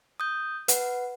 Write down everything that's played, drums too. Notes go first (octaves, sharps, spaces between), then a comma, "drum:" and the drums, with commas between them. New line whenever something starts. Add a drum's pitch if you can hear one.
D#6 G6
B4 F#5, drum: hi-hat